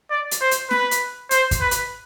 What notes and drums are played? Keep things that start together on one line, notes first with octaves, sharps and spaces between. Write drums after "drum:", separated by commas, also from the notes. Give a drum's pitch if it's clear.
D5
drum: hi-hat
C5
drum: hi-hat
B4, drum: snare
drum: hi-hat
C5, drum: hi-hat
drum: kick, hi-hat
B4
drum: hi-hat